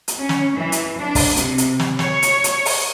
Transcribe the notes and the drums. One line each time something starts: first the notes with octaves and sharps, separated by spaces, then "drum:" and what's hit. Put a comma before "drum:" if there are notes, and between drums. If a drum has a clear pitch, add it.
drum: hi-hat
C#4
drum: snare
E3
drum: hi-hat
D4
drum: kick, open hi-hat
C3, drum: hi-hat
drum: hi-hat
drum: snare
C#5, drum: snare
drum: hi-hat
drum: hi-hat
drum: open hi-hat